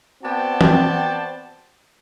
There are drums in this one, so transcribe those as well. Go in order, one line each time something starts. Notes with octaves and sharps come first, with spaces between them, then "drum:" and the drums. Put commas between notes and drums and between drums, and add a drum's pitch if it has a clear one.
B3 C4 F#4 D5 G5 A5
drum: tom E3